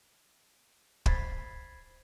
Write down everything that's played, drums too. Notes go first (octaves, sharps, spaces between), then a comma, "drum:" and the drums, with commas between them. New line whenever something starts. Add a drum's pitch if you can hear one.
C5 B5 G#6 A6 B6 C7, drum: kick